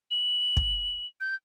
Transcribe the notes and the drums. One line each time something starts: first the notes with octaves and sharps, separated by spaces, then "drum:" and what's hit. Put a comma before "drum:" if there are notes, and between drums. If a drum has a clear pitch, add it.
F#7
drum: kick
G6